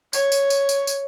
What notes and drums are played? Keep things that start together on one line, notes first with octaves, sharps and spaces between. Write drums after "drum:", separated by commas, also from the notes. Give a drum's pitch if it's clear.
C#5, drum: tambourine
drum: tambourine
drum: tambourine
drum: tambourine
drum: tambourine